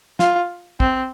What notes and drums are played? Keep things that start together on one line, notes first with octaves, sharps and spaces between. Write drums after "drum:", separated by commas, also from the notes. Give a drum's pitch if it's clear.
F4, drum: snare
C4, drum: kick